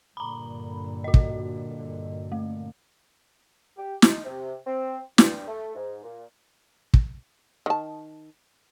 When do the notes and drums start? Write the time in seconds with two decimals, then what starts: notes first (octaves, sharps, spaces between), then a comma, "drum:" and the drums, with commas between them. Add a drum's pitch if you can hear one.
0.17 G2 A#2 D3 A#5 B5
1.04 F#4 D#5
1.14 drum: kick
2.32 A3
3.77 G4
4.02 D#4, drum: snare
4.24 C3
4.66 C4
5.18 G2, drum: snare
5.47 A3
5.74 G#2
6.03 A#2
6.94 drum: kick
7.66 D#3 A5